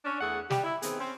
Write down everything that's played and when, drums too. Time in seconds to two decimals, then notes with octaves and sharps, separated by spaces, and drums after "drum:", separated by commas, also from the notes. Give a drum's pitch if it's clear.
0.05 C#4 D4
0.21 E2 A3 G#4 F#5
0.50 G3 G4, drum: snare
0.64 E4
0.82 D#3 B3 C4 G#4, drum: hi-hat
1.00 C4 C#4